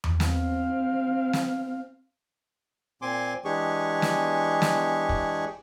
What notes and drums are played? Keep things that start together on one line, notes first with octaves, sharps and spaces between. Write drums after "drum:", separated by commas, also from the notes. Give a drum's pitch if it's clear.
drum: tom E2
C4 F5, drum: snare
drum: snare
A#2 C4 G#5 C6 D6
E3 G#3 D4 G4 G#4 C#6
drum: snare
drum: snare
drum: kick